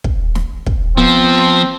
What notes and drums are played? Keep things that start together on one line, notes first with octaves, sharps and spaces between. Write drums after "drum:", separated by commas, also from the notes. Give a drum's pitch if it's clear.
drum: kick
drum: snare
drum: kick
F3 B3 C4